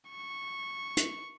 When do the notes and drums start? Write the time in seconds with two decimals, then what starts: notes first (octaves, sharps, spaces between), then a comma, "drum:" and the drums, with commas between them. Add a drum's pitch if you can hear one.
0.11 C#6
0.97 drum: hi-hat